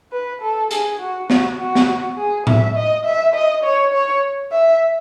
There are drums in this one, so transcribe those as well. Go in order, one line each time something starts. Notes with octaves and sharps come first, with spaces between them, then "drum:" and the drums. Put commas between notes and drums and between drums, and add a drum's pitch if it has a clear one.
B4
A4
G#4, drum: hi-hat
F#4
F#4, drum: snare
F#4
drum: snare
G#4
E5, drum: tom A2
D#5
E5
D#5
C#5
C#5
E5